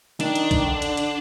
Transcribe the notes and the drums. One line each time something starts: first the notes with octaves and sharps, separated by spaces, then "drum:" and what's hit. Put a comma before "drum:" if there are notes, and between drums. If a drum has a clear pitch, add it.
D#3 D4, drum: hi-hat
drum: hi-hat
drum: kick, hi-hat
D3
drum: hi-hat
drum: hi-hat